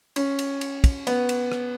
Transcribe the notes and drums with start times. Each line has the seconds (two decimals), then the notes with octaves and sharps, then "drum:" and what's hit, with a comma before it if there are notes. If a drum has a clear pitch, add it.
0.16 C#4, drum: cymbal
0.39 drum: cymbal
0.61 drum: cymbal
0.84 drum: kick, cymbal
1.07 B3, drum: cymbal
1.29 drum: cymbal
1.52 drum: rim click